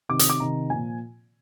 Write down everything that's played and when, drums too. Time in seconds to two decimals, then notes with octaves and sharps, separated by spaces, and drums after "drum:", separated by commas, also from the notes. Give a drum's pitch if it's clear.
0.09 C3 D#3 D6
0.19 D#6, drum: hi-hat
0.30 D6
0.40 C3 D#3 A#5
0.70 A#2 F3 G#5